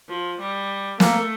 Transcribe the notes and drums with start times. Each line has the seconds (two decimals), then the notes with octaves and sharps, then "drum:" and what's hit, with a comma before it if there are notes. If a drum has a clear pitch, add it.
0.09 F3
0.40 G3
1.00 A3 A#3, drum: snare